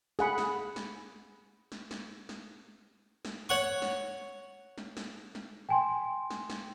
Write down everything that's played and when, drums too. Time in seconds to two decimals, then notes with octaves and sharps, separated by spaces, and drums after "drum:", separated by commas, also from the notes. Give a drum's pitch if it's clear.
0.19 G#4 F#5 B5, drum: snare
0.38 drum: snare
0.76 drum: snare
1.72 drum: snare
1.91 drum: snare
2.29 drum: snare
3.25 drum: snare
3.49 C#5 F#5 C#6
3.82 drum: snare
4.78 drum: snare
4.97 drum: snare
5.35 drum: snare
5.69 G5 G#5 C6
6.30 drum: snare
6.50 drum: snare